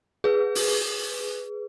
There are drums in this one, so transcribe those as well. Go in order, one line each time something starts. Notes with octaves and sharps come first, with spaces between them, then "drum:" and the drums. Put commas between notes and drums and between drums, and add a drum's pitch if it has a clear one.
G#4 B4
drum: open hi-hat